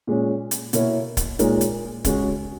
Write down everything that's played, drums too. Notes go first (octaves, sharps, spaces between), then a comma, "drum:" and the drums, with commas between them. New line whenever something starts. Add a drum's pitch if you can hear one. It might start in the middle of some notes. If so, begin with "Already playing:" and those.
A#2 G#3 C#4
drum: hi-hat
B2 A#3 E4 A#4 C#5, drum: hi-hat
drum: kick, hi-hat
A#2 G#3 D#4 A#4 C#5, drum: hi-hat
drum: hi-hat
C#3 G#3 C#4 F#4, drum: kick, hi-hat